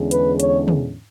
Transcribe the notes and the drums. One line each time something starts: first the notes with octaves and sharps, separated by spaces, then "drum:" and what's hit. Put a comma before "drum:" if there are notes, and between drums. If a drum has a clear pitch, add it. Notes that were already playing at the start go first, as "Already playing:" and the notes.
Already playing: E2 D3 G#3 C#4
B4, drum: hi-hat
C#5, drum: hi-hat
drum: tom